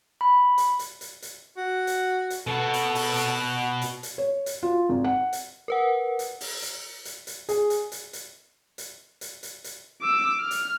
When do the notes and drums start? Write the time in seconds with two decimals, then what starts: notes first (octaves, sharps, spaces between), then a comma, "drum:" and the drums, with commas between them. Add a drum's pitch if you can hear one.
0.21 B5
0.58 drum: hi-hat
0.79 drum: hi-hat
1.01 drum: hi-hat
1.22 drum: hi-hat
1.57 F#4
1.87 drum: hi-hat
2.30 drum: hi-hat
2.47 B2 F#4 A4
2.74 drum: hi-hat
2.95 drum: open hi-hat
3.17 drum: hi-hat
3.81 drum: hi-hat
4.03 drum: hi-hat
4.18 C#5
4.46 drum: hi-hat
4.63 F4
4.89 G#1
5.04 F#5
5.33 drum: hi-hat
5.68 A#4 B4 F#5
6.19 drum: hi-hat
6.41 drum: open hi-hat
6.62 drum: hi-hat
7.05 drum: hi-hat
7.27 drum: hi-hat
7.49 G#4, drum: hi-hat
7.70 drum: hi-hat
7.92 drum: hi-hat
8.13 drum: hi-hat
8.78 drum: hi-hat
9.21 drum: hi-hat
9.43 drum: hi-hat
9.64 drum: hi-hat
10.02 D6 E6
10.40 F6
10.51 drum: hi-hat